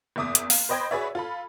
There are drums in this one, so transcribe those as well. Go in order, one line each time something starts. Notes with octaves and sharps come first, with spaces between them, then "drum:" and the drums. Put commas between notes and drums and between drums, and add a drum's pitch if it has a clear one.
F#1 E2 E5 D6 D#6
drum: hi-hat
F5, drum: open hi-hat
B4 C5 D#5 G5 B5 G#6
F#4 G#4 B4 C#5 D5 E5
F4 A4 B5